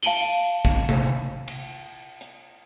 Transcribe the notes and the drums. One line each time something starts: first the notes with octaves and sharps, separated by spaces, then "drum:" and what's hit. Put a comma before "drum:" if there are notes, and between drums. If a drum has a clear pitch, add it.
F5 A5 D7 D#7 F#7 G7, drum: cymbal
drum: kick
drum: tom C3
drum: cymbal
drum: hi-hat